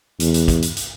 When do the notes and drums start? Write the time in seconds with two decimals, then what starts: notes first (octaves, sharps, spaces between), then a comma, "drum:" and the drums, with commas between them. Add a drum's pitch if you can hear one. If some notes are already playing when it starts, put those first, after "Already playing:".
0.20 E2, drum: hi-hat
0.34 drum: hi-hat
0.48 drum: kick, hi-hat
0.62 drum: hi-hat
0.77 drum: hi-hat